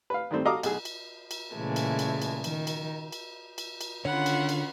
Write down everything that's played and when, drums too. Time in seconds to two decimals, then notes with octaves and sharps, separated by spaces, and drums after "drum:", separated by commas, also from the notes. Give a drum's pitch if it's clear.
0.10 B4 F5
0.31 D#3 G3 A3 C4
0.45 F#4 A4 D#5 F5 A#5 D6
0.63 B1 G#4, drum: cymbal
0.85 drum: cymbal
1.31 drum: cymbal
1.53 A#2 C#3 E3 G#3 A3
1.76 drum: cymbal
1.99 drum: cymbal
2.22 drum: cymbal
2.44 D#3, drum: cymbal
2.67 drum: cymbal
3.12 drum: cymbal
3.58 drum: cymbal
3.81 drum: cymbal
4.05 D3 D#3 C#4 F4 C#5 F#5 B5
4.26 drum: cymbal
4.49 drum: cymbal